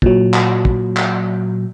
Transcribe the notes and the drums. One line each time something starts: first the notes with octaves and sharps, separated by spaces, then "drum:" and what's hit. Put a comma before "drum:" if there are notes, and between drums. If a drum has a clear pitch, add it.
A#2 F#3, drum: kick
drum: clap
drum: kick
drum: clap